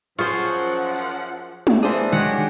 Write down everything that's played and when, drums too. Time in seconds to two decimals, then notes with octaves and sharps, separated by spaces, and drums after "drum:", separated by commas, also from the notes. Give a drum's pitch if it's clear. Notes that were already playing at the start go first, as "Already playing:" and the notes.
0.19 F#2 F3 F4 G#4 C5 F#5 C#6, drum: cymbal
0.96 drum: tambourine
1.67 drum: tom G#3
1.83 A#2 E3 D4 D#4 G#4 C5
2.12 D#3 G#3 C#4 D4 F#4 G4 F#5